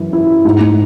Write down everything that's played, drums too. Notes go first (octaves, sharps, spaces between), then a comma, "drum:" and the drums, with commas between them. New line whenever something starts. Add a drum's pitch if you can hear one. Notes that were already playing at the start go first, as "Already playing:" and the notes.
Already playing: F#2 E3 E4
E4
G#2
drum: tom G#3